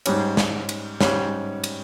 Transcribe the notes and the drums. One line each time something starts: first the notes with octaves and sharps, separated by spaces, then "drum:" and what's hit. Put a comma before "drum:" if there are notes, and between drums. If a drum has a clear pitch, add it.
G#2 G3 C#4, drum: cymbal
drum: snare
drum: cymbal
G#2 G3 C#4, drum: snare
drum: cymbal